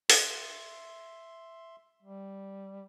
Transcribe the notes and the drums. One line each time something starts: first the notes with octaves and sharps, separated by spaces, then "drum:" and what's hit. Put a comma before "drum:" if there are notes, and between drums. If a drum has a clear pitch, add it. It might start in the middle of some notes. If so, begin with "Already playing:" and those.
E5 C6, drum: open hi-hat
G3